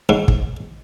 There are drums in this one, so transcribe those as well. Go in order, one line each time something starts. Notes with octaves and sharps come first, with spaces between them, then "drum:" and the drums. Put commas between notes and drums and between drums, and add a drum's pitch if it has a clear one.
G#2
drum: kick